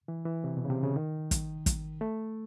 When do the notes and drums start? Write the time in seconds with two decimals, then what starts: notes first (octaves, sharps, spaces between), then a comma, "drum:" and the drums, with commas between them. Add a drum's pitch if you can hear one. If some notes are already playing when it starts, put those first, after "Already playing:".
0.08 E3
0.25 E3
0.44 C3
0.57 B2
0.65 C#3
0.70 C3
0.83 C#3
0.96 D#3
1.31 drum: kick, hi-hat
1.66 drum: kick, hi-hat
2.01 A3